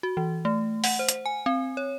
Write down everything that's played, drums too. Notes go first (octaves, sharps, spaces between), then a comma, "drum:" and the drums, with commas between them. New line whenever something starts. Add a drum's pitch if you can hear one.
F#4
E3
A3
F#5, drum: open hi-hat
C5
drum: hi-hat
G#5
C4
C#5